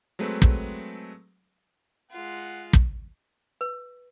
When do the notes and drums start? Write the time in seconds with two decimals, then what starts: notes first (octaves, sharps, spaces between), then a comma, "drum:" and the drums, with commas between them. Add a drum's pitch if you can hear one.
0.19 F#3 G#3 A3 C4 B4
0.42 drum: kick
2.11 G#3 F4 F#5
2.73 drum: kick
3.61 B4